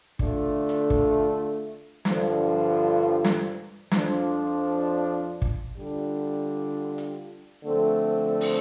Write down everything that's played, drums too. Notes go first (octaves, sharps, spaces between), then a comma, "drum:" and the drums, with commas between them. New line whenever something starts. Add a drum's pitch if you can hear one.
D3 A3 D4 F4, drum: kick
drum: hi-hat
drum: kick
G2 D3 F3, drum: snare
drum: snare
F2 F3 D4 F4, drum: snare
drum: kick
D3 G3 D4 F4
drum: hi-hat
D3 F3 A3 C4
drum: open hi-hat